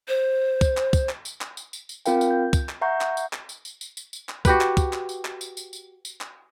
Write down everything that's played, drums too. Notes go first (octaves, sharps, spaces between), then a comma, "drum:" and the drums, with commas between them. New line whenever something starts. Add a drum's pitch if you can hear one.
C5
drum: kick, tambourine
drum: clap
drum: kick, tambourine
drum: clap
drum: tambourine
drum: clap
drum: tambourine
drum: tambourine
drum: tambourine
C4 F4 A#4 F5 G5, drum: tambourine
drum: tambourine
G6
drum: kick, tambourine
drum: clap
E5 F#5 A#5 C#6 G6
drum: clap
drum: tambourine
drum: clap
drum: tambourine
drum: tambourine
drum: tambourine
drum: tambourine
drum: tambourine
drum: clap
F#4 G4 B4, drum: kick, tambourine
drum: clap
drum: kick, tambourine
drum: clap
drum: tambourine
drum: clap
drum: tambourine
drum: tambourine
drum: tambourine
drum: tambourine
drum: clap